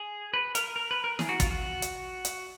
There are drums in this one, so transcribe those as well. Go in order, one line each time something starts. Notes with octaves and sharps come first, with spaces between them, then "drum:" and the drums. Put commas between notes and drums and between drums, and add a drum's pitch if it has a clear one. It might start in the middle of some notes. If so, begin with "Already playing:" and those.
Already playing: G#4
B4
A#4, drum: hi-hat
A#4
B4
A#4
G#4, drum: snare
F#4
F4, drum: kick, hi-hat
F#4
drum: hi-hat
drum: hi-hat